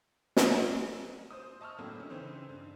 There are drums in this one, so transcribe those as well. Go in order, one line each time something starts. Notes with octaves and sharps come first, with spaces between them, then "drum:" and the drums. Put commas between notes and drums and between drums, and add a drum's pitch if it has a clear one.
drum: snare
C5 D#6
D#5 A5 C#6 E6 F6
A2 D3 F#3 A#3 C4
A3 C#4
C#3 E3 C4 D#4 C5
G2